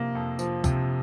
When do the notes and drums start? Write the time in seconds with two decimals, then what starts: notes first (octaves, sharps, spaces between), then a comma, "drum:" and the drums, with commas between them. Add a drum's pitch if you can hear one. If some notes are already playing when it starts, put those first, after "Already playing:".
Already playing: C3 F3 A#3
0.15 F2
0.39 F3, drum: tambourine
0.64 C3, drum: kick, tambourine